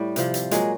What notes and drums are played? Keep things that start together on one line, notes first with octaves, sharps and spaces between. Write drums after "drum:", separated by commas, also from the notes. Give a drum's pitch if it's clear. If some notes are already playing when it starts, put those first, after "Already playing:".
Already playing: A2 G3
C3 F3, drum: hi-hat
drum: hi-hat
A#2 F#3 G#3, drum: hi-hat